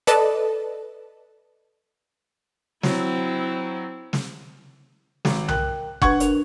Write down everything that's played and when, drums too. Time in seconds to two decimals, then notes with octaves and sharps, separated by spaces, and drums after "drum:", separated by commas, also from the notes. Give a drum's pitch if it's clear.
0.07 A4 B4 D5 D#5 A5, drum: hi-hat
2.83 F#3 C4 E4, drum: snare
4.13 drum: snare
5.25 G#1, drum: snare
5.48 A#4 G5 F#6, drum: tom C2
6.02 D4 B4 F#5 C#6 G#6, drum: kick F#1
6.20 D4 A#4 F7, drum: hi-hat